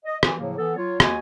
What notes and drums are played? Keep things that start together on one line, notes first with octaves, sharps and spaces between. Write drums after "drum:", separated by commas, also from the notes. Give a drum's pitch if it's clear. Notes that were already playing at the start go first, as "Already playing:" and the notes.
D#5
E3, drum: rim click
A2 C#3 F3 F#3 A#3
E3 B3 A4
F#3 F4 C#5
D#2 F#4 D#5 G#5, drum: rim click